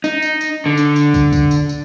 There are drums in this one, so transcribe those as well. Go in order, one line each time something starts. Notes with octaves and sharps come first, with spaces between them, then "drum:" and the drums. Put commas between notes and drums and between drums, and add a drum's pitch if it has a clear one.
D#4, drum: tambourine
drum: tambourine
drum: tambourine
D3
drum: tambourine
drum: tambourine
drum: kick, tambourine
drum: kick, tambourine
drum: tambourine
drum: tambourine